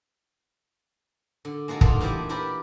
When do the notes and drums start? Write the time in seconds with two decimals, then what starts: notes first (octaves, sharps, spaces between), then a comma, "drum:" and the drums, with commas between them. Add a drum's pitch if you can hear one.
1.45 D3
1.68 G#3 A#3 F#4 A4 A#4
1.81 A3 A#3 D4 D#4 F4 A4, drum: kick
2.01 A#2 E3 E4 G4 D5
2.29 D4 E4 G4 A#4 B4 D5